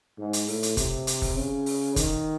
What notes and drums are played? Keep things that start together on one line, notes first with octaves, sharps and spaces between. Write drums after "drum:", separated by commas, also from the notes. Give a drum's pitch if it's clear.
G#2
drum: hi-hat
A2, drum: open hi-hat
drum: hi-hat
C3, drum: kick F1, hi-hat
drum: hi-hat
drum: kick F1, open hi-hat
C#3
drum: open hi-hat
D#3, drum: kick F1, hi-hat